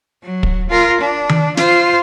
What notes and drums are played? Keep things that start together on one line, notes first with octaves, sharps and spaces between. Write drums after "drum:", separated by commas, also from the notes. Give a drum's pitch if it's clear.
F#3
drum: kick
F4 A#4
D4
drum: tom D#3
F4 C5, drum: snare